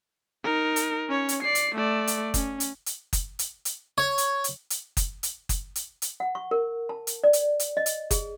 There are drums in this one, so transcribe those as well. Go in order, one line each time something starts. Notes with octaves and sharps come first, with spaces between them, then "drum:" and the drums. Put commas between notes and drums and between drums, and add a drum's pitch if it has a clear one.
D#4 A#4
drum: hi-hat
C#4 C#5
drum: hi-hat
D5 C7
drum: hi-hat
A3 D5
drum: hi-hat
C#4, drum: kick F#1, hi-hat
drum: hi-hat
drum: hi-hat
drum: kick F#1, hi-hat
drum: hi-hat
drum: hi-hat
C#5
drum: hi-hat
drum: hi-hat
drum: hi-hat
drum: kick F#1, hi-hat
drum: hi-hat
drum: kick F#1, hi-hat
drum: hi-hat
drum: hi-hat
F#5
C#6
A#4
A5
drum: hi-hat
D5
drum: hi-hat
drum: hi-hat
D#5
drum: hi-hat
G#4, drum: kick F#1, hi-hat